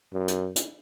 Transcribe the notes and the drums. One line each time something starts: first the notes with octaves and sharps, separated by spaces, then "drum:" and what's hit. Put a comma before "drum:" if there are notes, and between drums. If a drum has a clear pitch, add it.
F#2
drum: hi-hat
drum: hi-hat